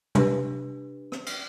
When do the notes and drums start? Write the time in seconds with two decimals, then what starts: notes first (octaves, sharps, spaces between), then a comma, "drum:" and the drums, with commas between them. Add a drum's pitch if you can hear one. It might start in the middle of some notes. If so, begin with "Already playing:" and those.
0.15 D4 G4 B4, drum: tom
1.12 drum: rim click
1.26 drum: cymbal